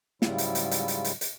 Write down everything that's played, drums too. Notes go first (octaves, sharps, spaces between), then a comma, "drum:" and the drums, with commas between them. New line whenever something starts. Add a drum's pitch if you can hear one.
G#2 C#3 F#3 G3 E4 F4, drum: snare
drum: hi-hat
drum: hi-hat
drum: hi-hat
drum: hi-hat
drum: hi-hat
drum: hi-hat